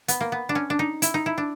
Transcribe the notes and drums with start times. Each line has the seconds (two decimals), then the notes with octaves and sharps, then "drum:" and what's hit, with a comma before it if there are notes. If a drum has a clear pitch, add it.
0.08 B3, drum: hi-hat
0.21 A#3
0.32 B3
0.49 D4
0.55 C#4
0.70 D4
0.79 D#4
1.02 E4, drum: hi-hat
1.14 D#4
1.26 E4
1.38 D4